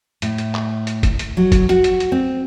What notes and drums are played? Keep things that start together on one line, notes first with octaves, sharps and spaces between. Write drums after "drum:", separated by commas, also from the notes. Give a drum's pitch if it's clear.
A2, drum: hi-hat
drum: hi-hat
drum: clap
drum: hi-hat
drum: kick, hi-hat
drum: hi-hat
F#3
drum: kick, hi-hat
F#4, drum: hi-hat
drum: hi-hat
drum: hi-hat
C4